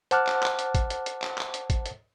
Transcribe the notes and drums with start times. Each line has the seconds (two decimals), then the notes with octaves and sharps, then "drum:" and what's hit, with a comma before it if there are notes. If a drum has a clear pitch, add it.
0.11 C5 F#5 A5 D6 F6 F#6, drum: hi-hat
0.27 drum: clap
0.43 drum: clap
0.59 drum: hi-hat
0.75 drum: kick, hi-hat
0.90 drum: hi-hat
1.06 drum: hi-hat
1.22 drum: clap
1.38 drum: clap
1.54 drum: hi-hat
1.70 drum: kick, hi-hat
1.86 drum: hi-hat